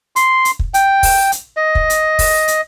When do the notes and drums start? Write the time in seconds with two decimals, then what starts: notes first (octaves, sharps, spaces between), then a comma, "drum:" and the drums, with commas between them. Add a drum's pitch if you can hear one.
0.16 C6, drum: hi-hat
0.45 drum: hi-hat
0.59 drum: kick
0.74 G5, drum: hi-hat
1.03 drum: kick, open hi-hat
1.32 drum: hi-hat
1.57 D#5
1.75 drum: kick
1.90 drum: hi-hat
2.19 drum: kick, open hi-hat
2.48 drum: hi-hat